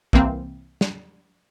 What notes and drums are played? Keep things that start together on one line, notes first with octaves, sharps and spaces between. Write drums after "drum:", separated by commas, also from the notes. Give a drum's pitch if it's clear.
C2 E3 A#3 C4, drum: kick
drum: snare